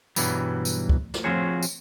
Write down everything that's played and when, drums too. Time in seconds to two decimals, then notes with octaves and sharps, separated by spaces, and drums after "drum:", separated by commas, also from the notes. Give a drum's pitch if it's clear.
0.16 G2 B2 E3 F#3 G3, drum: tambourine
0.65 drum: tambourine
0.89 drum: kick
1.14 drum: snare
1.24 F3 C4 F4 F#4 G#4 C#5
1.63 drum: tambourine